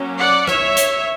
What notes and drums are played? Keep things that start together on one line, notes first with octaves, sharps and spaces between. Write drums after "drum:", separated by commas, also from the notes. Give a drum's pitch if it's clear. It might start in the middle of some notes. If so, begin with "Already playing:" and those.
Already playing: F#3 A#3 C#4
D5 F#5
C#5 E5, drum: rim click
drum: hi-hat